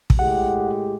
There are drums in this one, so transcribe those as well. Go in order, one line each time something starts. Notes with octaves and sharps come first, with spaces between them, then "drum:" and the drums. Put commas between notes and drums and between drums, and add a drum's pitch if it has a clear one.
drum: kick
A2 G#3 G4 F#5